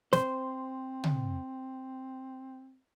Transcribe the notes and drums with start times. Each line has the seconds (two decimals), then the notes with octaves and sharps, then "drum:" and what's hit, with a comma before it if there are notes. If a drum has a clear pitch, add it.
0.13 C4 C5, drum: snare
1.04 drum: tom